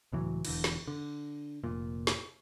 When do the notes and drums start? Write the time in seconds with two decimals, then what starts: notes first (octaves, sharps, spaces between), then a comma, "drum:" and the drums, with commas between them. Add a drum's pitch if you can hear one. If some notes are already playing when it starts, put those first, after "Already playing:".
0.12 C#2 A2 E3 F#3
0.45 E1 D3 E3, drum: cymbal
0.64 drum: snare
0.87 D3
1.64 F1 A#2
2.07 drum: snare